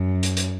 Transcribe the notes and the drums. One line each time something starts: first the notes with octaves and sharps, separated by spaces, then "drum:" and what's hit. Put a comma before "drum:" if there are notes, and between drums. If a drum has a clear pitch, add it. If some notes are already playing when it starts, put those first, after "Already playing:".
Already playing: F#2
drum: hi-hat
drum: hi-hat